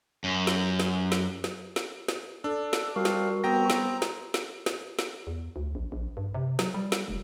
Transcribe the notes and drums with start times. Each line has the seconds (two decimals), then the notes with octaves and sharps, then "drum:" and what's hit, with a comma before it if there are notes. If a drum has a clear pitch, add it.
0.24 F#2
0.47 drum: snare
0.80 drum: snare
1.12 drum: snare
1.44 drum: snare
1.76 drum: snare
2.08 drum: snare
2.44 D4 A4
2.73 drum: snare
2.96 G3 C4 F#4 A#4 F5
3.05 drum: snare
3.44 B3 C4 G5 A#5 A#6
3.70 drum: snare
4.02 drum: snare
4.34 drum: snare
4.66 drum: snare
4.99 drum: snare
5.27 E2
5.56 D2
5.75 A#1
5.92 A#1
6.17 G2
6.35 C3
6.59 F#3, drum: snare
6.74 G3
6.92 drum: snare
7.08 F1